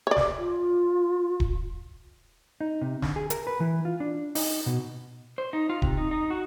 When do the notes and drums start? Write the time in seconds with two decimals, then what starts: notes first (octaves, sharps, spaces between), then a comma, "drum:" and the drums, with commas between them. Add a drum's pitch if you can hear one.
0.07 C#5 D5
0.17 drum: snare
0.38 F4
1.40 drum: kick D#1
2.61 D#4
2.81 C3
3.02 D3, drum: snare
3.16 G#4
3.30 A#4, drum: hi-hat
3.47 B4
3.60 E3
3.85 F4
4.00 D4
4.35 D#4, drum: open hi-hat
4.66 B2
5.38 C5
5.53 D#4
5.70 F4
5.82 C3, drum: kick D#1
5.97 D#4
6.11 D#4
6.30 F#4